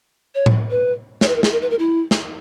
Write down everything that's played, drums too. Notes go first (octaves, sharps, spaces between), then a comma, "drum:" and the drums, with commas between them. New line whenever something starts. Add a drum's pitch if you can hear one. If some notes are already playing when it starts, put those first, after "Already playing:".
C#5
drum: tom A2
B4
C#5, drum: snare
B4
A#4
G#4, drum: snare
A#4
B4
A#4
E4
drum: snare